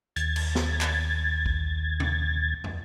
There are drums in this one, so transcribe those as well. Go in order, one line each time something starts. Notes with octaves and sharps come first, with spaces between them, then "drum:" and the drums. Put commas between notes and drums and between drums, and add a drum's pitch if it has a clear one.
D#2 G#6 A6, drum: hi-hat
drum: cymbal
drum: snare
drum: clap
drum: kick B1
drum: tom C3
drum: tom